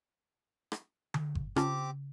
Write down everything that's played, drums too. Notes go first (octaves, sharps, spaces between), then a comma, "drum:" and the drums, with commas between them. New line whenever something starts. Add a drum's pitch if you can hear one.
drum: rim click
drum: tom D3
drum: kick G1
C#3 C4 C#4 F4 G4 A5 D6, drum: rim click